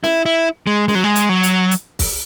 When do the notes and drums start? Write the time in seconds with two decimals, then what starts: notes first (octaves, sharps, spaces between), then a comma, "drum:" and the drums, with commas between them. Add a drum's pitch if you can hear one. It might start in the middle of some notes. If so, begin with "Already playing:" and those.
0.04 E4, drum: snare
0.26 E4
0.67 G#3
0.88 G#3, drum: snare
0.95 F#3
1.04 G#3
1.16 drum: hi-hat
1.29 F#3
1.43 drum: hi-hat
1.71 drum: hi-hat
1.99 drum: kick, open hi-hat